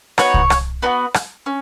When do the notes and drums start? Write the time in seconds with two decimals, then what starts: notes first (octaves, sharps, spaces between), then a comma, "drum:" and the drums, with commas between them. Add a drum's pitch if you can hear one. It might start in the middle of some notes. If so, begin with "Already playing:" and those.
0.18 B3 D#4 F#4 C#5, drum: rim click
0.34 drum: kick C2
0.50 drum: rim click
0.82 B3 D#4 F#4
1.14 drum: rim click
1.46 C#4